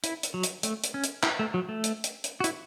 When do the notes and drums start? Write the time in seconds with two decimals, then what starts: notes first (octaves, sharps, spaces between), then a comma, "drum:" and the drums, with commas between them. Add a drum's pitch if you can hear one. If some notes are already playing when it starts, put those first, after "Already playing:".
0.04 E4, drum: hi-hat
0.23 drum: hi-hat
0.34 F#3
0.43 drum: hi-hat
0.63 A3, drum: hi-hat
0.84 drum: hi-hat
0.94 C#4
1.04 drum: hi-hat
1.23 E4, drum: clap
1.39 A3
1.54 F#3
1.69 A3
1.84 drum: hi-hat
2.04 drum: hi-hat
2.24 drum: hi-hat
2.40 F#4
2.44 E4, drum: hi-hat